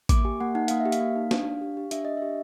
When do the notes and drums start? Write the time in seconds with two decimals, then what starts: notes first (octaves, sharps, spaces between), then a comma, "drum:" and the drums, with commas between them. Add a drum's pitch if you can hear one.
0.09 A#3 D6, drum: kick A1, hi-hat
0.25 G4 G#5
0.40 A#3 F#5
0.55 D#4 F#5
0.68 A#3 F5, drum: hi-hat
0.80 E5
0.86 G4
0.92 F5, drum: hi-hat
1.00 A#3
1.16 D#4
1.31 D4, drum: snare
1.47 D4
1.61 G4
1.77 G4
1.91 D4 E5, drum: hi-hat
2.05 D4 D#5
2.17 G4 E5